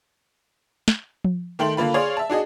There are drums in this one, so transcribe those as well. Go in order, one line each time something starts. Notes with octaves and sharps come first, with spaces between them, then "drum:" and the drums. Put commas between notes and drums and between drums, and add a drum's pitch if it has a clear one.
drum: snare
drum: tom F3
D#3 A3 G5 C6 F#7
D3 A#3 F4 B5
G#4 C#5 D5 F5 C6
E5 A5
D4 F#4 G#4 D#5